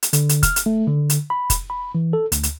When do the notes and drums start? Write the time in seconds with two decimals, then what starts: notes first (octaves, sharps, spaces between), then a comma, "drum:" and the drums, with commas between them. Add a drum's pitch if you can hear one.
0.03 drum: hi-hat
0.13 D3, drum: hi-hat
0.29 drum: hi-hat
0.43 F6, drum: kick F1, hi-hat
0.56 drum: hi-hat
0.66 A3
0.87 D3
1.10 drum: hi-hat
1.30 B5
1.50 drum: kick F1, hi-hat
1.70 B5
1.95 E3
2.13 A4
2.32 D2, drum: hi-hat
2.43 drum: hi-hat